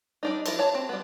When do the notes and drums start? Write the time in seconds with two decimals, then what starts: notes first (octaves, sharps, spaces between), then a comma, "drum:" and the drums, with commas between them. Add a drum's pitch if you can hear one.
0.23 G3 D4 D#4
0.46 F3 E4 A#4, drum: cymbal
0.59 C#5 A5
0.75 C4
0.89 G3 B3